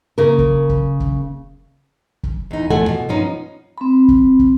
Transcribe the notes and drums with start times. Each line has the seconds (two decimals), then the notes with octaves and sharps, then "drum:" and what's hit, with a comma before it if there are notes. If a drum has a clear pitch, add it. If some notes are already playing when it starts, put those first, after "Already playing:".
0.18 C#3 A#3 A#4
0.38 drum: kick
0.69 drum: kick
1.00 drum: kick
2.23 drum: kick
2.51 E2 D#4
2.70 E2 F3 A3 A4 F#5 G#5
2.89 B2
3.09 G2 F3 B3 C#4 D#4
3.78 C4 B5
4.08 drum: kick
4.39 drum: kick